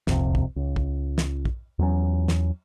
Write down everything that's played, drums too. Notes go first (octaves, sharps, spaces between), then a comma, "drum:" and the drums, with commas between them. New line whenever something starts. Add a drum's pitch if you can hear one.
D#1 C2 F2 C3, drum: snare
drum: kick
C#2
drum: kick
drum: snare
drum: kick
E2 F#3 C#4
drum: snare